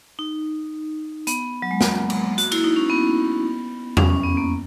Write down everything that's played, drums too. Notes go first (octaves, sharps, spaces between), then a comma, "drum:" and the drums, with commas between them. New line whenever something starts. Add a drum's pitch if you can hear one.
D#4
B3, drum: hi-hat
F#3
G#3
A#3, drum: snare
drum: cymbal
F#4, drum: hi-hat
E4, drum: cymbal
D#4
C#4
B3
C#4, drum: tom E2
C#4
B3
A#3